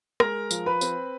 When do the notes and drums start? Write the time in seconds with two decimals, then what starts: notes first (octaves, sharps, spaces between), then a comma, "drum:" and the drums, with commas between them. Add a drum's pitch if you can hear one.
0.20 G#3 A#4 A#5, drum: rim click
0.51 F3, drum: tambourine
0.66 B4 B5
0.81 C4, drum: tambourine